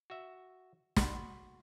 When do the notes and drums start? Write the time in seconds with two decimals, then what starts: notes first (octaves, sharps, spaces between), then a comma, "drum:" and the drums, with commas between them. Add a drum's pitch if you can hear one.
0.10 F#4 E5
0.96 F#4 B5 C6, drum: snare